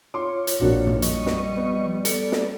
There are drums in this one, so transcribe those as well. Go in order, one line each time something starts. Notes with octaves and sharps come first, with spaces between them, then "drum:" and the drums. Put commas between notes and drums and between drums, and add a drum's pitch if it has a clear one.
F4 C#5 C6 D6
drum: hi-hat
A#1 A#3 D4 F#4
drum: tom
F3 G3 D#5 C#6, drum: hi-hat
drum: snare
B3
B3 A4 D5 C#7, drum: hi-hat
drum: snare